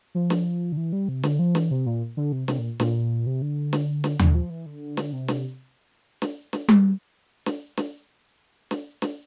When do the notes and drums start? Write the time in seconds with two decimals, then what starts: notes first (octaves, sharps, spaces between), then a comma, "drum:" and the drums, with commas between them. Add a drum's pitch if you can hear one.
0.15 F3
0.30 drum: snare
0.72 D3
0.77 E3
0.93 G3
1.08 C3
1.23 D3, drum: snare
1.39 F3
1.55 E3, drum: snare
1.71 C3
1.86 A#2
2.17 D3
2.32 C3
2.48 C3, drum: snare
2.59 A#2
2.80 A#2, drum: snare
3.27 C3
3.42 D3
3.73 drum: snare
4.04 drum: snare
4.19 D3, drum: tom D#2
4.35 F3
4.50 E3
4.66 D3
4.97 drum: snare
5.12 C3
5.28 drum: snare
6.22 drum: snare
6.53 drum: snare
6.68 drum: tom G3
7.46 drum: snare
7.77 drum: snare
8.71 drum: snare
9.02 drum: snare